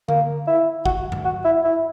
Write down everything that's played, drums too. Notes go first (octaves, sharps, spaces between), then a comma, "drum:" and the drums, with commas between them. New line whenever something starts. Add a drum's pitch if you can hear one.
A#3, drum: tom D3
E4
F#4, drum: kick
drum: tom G2
F#4
E4
E4